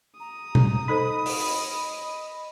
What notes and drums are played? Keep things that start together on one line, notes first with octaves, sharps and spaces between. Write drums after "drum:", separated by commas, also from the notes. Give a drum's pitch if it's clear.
A#5 D#6
drum: tom B2
D#4 A4 C5 D#5 B5
drum: open hi-hat